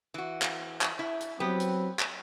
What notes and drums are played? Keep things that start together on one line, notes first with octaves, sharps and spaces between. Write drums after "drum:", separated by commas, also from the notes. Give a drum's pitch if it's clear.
E3 F#4
drum: clap
drum: clap
E4
drum: hi-hat
F#3 B3 C4 G4 B4
drum: hi-hat
drum: clap